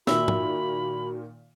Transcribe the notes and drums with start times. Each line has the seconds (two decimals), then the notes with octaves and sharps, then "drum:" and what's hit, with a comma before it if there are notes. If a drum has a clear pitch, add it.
0.07 A#2 D#3 A#3 F#4 E5 B5, drum: snare
0.28 drum: tom